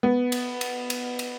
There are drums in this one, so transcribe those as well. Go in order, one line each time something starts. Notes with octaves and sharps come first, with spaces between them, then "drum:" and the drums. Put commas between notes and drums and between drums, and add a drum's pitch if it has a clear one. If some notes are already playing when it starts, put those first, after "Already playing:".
B3
drum: cymbal
drum: cymbal
drum: cymbal
drum: cymbal